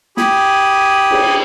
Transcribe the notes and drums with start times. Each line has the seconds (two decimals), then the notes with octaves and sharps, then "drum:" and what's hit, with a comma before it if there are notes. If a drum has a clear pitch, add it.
0.17 G4 G#5 B5 D#6, drum: snare
1.11 drum: cymbal